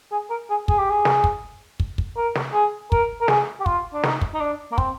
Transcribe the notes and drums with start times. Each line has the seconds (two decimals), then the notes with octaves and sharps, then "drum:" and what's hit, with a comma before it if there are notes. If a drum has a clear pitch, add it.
0.12 G#4
0.30 A#4
0.50 G#4
0.68 G#4, drum: kick
0.79 G4
0.90 G#4
1.05 drum: snare
1.24 drum: kick
1.80 drum: kick
1.98 drum: kick
2.17 A#4
2.35 drum: snare
2.53 G#4
2.92 A#4, drum: kick
3.21 A#4
3.28 G#4, drum: snare
3.60 G4
3.66 F4, drum: kick
3.93 D4
4.03 D#4, drum: snare
4.21 drum: kick
4.35 D#4
4.41 D4
4.72 A#3
4.78 C4, drum: kick